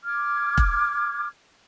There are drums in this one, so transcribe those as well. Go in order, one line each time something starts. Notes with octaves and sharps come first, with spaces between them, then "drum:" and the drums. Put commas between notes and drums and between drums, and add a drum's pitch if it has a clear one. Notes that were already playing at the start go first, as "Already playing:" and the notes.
D6 F6 G#6
drum: kick